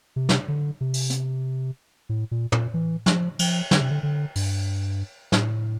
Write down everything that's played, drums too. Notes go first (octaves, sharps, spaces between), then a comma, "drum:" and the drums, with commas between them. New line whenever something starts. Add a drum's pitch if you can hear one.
C3
drum: snare
D3
C3
drum: open hi-hat
drum: hi-hat
A2
A#2
A#2, drum: tom
E3
F3, drum: snare
F3, drum: cymbal
D3, drum: snare
C3
D3
D3
G2, drum: open hi-hat
A2, drum: snare